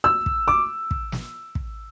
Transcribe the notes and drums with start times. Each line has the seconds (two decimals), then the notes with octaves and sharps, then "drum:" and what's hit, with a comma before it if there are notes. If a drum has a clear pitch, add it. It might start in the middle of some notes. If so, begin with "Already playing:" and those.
0.04 E6
0.26 drum: kick
0.48 D6
0.91 drum: kick
1.12 drum: snare
1.55 drum: kick